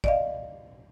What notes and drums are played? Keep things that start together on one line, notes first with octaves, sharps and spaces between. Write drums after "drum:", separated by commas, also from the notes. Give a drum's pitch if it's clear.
D5 D#5 F5, drum: kick